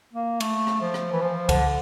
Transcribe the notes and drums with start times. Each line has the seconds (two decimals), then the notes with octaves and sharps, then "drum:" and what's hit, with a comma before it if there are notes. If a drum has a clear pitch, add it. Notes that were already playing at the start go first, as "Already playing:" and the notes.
0.13 A#3
0.40 A3, drum: cymbal
0.67 drum: rim click
0.81 F3
0.94 drum: rim click
1.13 E3
1.22 F3
1.49 D3, drum: kick C2, cymbal